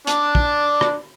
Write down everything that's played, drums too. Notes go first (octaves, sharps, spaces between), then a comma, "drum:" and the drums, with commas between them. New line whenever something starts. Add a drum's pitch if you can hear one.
D4 D5, drum: hi-hat
drum: kick
drum: rim click